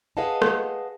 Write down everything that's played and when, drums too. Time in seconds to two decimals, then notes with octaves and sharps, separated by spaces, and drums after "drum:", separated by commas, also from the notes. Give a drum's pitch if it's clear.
0.17 G#4 B4 D#5 F5 F#5 A5
0.42 drum: rim click